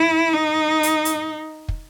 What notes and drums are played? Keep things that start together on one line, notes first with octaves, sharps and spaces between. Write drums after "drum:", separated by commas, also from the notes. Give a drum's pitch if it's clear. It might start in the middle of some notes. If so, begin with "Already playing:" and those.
Already playing: E4
D#4
drum: hi-hat
drum: hi-hat
drum: kick